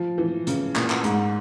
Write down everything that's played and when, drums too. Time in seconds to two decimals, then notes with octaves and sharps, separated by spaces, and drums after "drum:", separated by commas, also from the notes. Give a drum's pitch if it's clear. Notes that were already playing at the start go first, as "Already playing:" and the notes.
Already playing: F3
0.18 E3
0.47 C#3, drum: hi-hat
0.76 A#2, drum: clap
0.90 drum: clap
1.04 G#2, drum: hi-hat